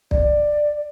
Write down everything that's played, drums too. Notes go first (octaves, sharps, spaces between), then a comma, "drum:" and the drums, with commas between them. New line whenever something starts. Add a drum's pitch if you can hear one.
D5, drum: kick